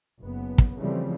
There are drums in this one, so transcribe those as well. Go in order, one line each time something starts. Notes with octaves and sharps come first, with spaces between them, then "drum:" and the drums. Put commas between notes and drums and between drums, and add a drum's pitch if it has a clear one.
F#1 B3
drum: kick
C#3 E3 F3 G3 A3 C4